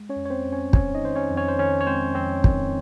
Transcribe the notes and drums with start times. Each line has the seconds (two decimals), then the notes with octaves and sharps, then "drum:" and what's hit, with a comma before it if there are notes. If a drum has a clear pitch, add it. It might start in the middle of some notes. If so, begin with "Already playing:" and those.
Already playing: G#3
0.09 C#4 C#5
0.16 F2
0.26 C#5
0.30 C4 C5
0.45 F2
0.52 C#4 C#5
0.73 D#3 C#4 C#5, drum: kick
0.95 D#4 D#5
1.02 D#3 C5
1.16 C#4 C#5
1.30 F2
1.37 C#4 C#5
1.48 C5
1.59 D#3 C#4 C#5
1.81 C#5
1.87 G#3 C4 C5
2.15 F2 C4 C5
2.44 D#3, drum: kick